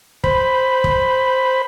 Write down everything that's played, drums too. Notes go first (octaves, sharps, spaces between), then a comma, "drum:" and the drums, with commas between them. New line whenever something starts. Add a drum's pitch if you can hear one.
C5 B5, drum: kick
drum: kick